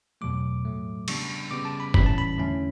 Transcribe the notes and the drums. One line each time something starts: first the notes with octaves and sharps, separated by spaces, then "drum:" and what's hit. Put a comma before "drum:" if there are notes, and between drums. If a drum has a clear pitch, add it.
E2 B2 F#3 A3 D6
A2 F#3 A3
C#3 G3 B3 D4 C#6, drum: cymbal
C#3 G3 B3 D6
A5
B5
A2 E3 G3 C#4 E4 B5, drum: kick
A5
B5
E2 D3 A3 C#4 E4